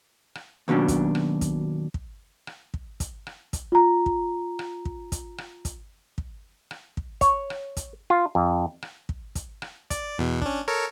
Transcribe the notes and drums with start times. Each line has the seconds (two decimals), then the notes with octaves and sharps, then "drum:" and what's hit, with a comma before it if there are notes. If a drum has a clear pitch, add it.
0.35 drum: rim click
0.68 D#2 B2 F#3 C#4 D4
0.88 drum: kick, hi-hat
1.15 drum: rim click
1.41 drum: kick, hi-hat
1.94 drum: kick
2.47 drum: rim click
2.74 drum: kick
3.00 drum: kick, hi-hat
3.27 drum: rim click
3.53 drum: kick, hi-hat
3.72 F4 A#5
4.06 drum: kick
4.59 drum: rim click
4.85 drum: kick
5.12 drum: kick, hi-hat
5.38 drum: rim click
5.65 drum: kick, hi-hat
6.18 drum: kick
6.71 drum: rim click
6.97 drum: kick
7.21 C#5, drum: kick, hi-hat
7.50 drum: rim click
7.77 drum: kick, hi-hat
8.10 F4
8.35 F2
8.82 drum: rim click
9.09 drum: kick
9.35 drum: kick, hi-hat
9.62 drum: rim click
9.90 D5, drum: kick, hi-hat
10.18 E2 B2
10.42 C#4 D4, drum: kick
10.68 A4 A#4 C#5